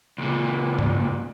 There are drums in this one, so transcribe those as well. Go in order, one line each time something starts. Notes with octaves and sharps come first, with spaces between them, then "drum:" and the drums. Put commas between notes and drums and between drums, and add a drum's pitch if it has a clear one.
C#2 A#2
drum: tom G2